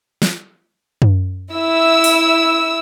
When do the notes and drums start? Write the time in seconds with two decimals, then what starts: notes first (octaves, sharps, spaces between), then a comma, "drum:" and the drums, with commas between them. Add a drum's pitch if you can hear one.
0.22 drum: snare
1.02 drum: tom F#2
1.53 E4 E6
2.04 drum: open hi-hat